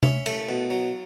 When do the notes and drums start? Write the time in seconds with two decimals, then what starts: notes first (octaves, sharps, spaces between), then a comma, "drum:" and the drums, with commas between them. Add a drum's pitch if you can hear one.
0.03 C#4 E5, drum: tom C3
0.26 A3, drum: cymbal
0.49 B2
0.70 F#3